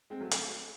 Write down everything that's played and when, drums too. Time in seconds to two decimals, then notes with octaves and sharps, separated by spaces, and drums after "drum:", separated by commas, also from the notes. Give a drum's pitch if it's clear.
0.10 G#3 C4
0.21 F#3 A3
0.31 drum: hi-hat